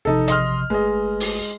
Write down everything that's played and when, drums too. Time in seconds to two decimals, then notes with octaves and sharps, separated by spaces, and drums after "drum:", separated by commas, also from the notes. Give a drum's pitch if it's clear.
0.05 A1 C3 F3 D#4 A4
0.28 D#5 C6 F6, drum: hi-hat
0.70 G1 G#3 A3 B4 D#5
1.20 drum: open hi-hat